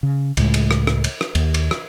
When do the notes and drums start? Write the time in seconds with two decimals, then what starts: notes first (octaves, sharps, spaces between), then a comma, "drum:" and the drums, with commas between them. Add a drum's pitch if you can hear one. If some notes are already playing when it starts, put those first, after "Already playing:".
0.03 C#3
0.37 C#2 A2 G#3, drum: cymbal
0.54 drum: cymbal
0.71 drum: rim click
0.87 drum: rim click
1.04 drum: cymbal
1.21 drum: rim click
1.35 D#2, drum: cymbal
1.54 drum: cymbal
1.71 drum: rim click